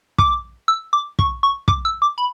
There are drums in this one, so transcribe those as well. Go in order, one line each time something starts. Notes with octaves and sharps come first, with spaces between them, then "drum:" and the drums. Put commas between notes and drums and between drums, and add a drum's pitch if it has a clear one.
D6, drum: kick
E6
D6
C#6, drum: kick
C#6
D6, drum: kick
E6
D6
B5